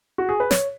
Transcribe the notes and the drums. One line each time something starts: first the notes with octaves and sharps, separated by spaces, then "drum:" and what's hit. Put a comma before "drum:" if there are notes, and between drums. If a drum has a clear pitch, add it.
F#4
G#4
B4
C#5, drum: snare